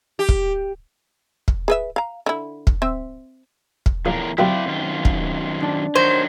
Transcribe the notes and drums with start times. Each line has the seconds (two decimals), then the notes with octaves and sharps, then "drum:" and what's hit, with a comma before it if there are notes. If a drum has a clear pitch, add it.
0.19 G4
0.29 drum: kick
1.48 drum: kick
1.68 G#4 B4 E5
1.96 F5 A#5
2.26 D3 E4
2.67 drum: kick
2.82 C4 C5 E5
3.86 drum: kick
4.06 A#1 E2 A2 A#4
4.38 D#2 F#3 C4 E4 D5 F5 G5
4.66 F#2 D#3 F4
5.05 drum: kick
5.62 D4
5.95 D#3 F#3 C5 G#6 A#6 B6